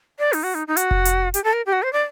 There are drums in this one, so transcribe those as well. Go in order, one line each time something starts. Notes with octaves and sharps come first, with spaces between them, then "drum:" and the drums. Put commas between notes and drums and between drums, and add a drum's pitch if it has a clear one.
D5
D#4, drum: open hi-hat
F#4
D#4
D#4
F#4, drum: hi-hat
drum: kick F1
drum: hi-hat
G4, drum: hi-hat
A4
A#4
G4
F#4
C5
D5